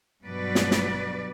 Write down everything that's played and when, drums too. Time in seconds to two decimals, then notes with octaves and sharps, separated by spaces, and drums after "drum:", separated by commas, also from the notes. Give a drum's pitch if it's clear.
0.23 G2 B2 F#3 B4 D5
0.55 drum: snare
0.71 drum: snare